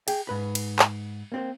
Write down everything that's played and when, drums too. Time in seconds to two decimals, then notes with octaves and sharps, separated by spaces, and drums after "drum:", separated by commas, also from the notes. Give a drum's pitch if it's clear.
0.08 G#4 G5, drum: cymbal
0.27 G#2 B4 B5
0.55 drum: cymbal
0.79 drum: clap
1.32 A#3 C4 C5